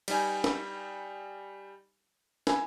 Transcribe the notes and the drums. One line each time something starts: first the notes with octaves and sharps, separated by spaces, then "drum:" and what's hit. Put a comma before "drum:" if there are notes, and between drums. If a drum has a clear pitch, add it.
G3 D#4 G#5, drum: cymbal
drum: snare
G#5, drum: snare